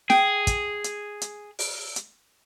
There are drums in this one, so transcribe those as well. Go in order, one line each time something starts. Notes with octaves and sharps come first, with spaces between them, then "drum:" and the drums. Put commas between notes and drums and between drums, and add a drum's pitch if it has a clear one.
G#4 G5, drum: snare
drum: kick, hi-hat
drum: hi-hat
drum: hi-hat
drum: open hi-hat
drum: hi-hat